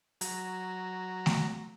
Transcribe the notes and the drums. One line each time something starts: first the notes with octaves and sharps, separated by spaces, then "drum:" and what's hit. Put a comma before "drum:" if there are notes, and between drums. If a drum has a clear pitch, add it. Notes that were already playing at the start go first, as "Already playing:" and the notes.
F#3 A#5, drum: hi-hat
drum: snare A3